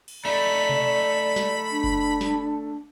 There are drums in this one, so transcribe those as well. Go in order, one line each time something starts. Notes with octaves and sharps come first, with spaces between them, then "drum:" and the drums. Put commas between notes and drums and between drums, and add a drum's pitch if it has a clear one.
drum: cymbal
A3 D#4 D5 B5
drum: tom B2
drum: snare
D4
drum: kick F#1
drum: snare